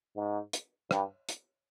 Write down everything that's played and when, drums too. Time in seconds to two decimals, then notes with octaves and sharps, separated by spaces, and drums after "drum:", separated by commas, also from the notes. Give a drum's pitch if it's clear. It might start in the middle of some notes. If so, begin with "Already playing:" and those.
0.16 G#2
0.53 drum: hi-hat
0.91 G2, drum: rim click
1.29 drum: hi-hat